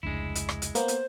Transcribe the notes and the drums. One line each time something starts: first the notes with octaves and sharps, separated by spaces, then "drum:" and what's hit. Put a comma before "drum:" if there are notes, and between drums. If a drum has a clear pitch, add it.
F1 C#2 G#3 D4 E4
drum: hi-hat
drum: rim click
drum: hi-hat
A#3 B3 C5, drum: hi-hat
drum: hi-hat